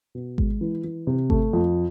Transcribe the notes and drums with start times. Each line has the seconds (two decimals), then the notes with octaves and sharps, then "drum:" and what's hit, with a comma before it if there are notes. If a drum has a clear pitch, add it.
0.15 B2
0.38 G#3, drum: kick G#1
0.61 E3
0.84 E3
1.07 C3
1.30 A3, drum: kick G#1
1.53 F2